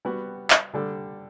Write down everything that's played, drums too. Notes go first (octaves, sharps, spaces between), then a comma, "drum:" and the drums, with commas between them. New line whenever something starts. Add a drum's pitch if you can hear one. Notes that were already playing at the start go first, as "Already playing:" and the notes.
G3 B3 F#4
drum: clap
D3 G3 D4 A4